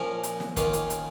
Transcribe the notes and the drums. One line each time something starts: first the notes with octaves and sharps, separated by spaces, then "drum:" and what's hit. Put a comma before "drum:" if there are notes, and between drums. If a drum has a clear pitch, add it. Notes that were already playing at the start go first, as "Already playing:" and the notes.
Already playing: A#2 F3 C#4 A#4
drum: hi-hat
drum: snare
D#3 A#3 C#4 F4, drum: kick, hi-hat
drum: hi-hat
drum: hi-hat